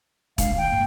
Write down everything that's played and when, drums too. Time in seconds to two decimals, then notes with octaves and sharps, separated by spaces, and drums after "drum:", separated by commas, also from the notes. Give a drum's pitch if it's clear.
0.38 G#3 D4 F5, drum: kick E1, hi-hat
0.57 D#3 G5
0.71 C2 G2 A#3